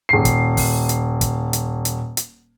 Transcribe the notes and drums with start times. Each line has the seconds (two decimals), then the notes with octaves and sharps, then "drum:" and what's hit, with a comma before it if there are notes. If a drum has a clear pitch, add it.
0.09 D#1 C7
0.25 drum: kick, hi-hat
0.57 drum: kick, open hi-hat
0.89 drum: hi-hat
1.21 drum: kick, hi-hat
1.53 drum: hi-hat
1.85 drum: hi-hat
2.17 drum: hi-hat